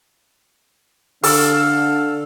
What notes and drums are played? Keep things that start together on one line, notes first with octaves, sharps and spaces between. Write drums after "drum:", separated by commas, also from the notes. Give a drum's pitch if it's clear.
D3 A4 F5 E6, drum: open hi-hat